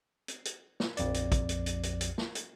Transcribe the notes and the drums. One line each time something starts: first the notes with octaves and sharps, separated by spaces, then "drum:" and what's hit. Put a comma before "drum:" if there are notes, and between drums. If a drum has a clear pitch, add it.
drum: hi-hat
drum: hi-hat
drum: snare
A#1 F2 D5, drum: hi-hat
drum: hi-hat
drum: kick, hi-hat
drum: hi-hat
drum: hi-hat
drum: hi-hat
drum: hi-hat
drum: snare
drum: hi-hat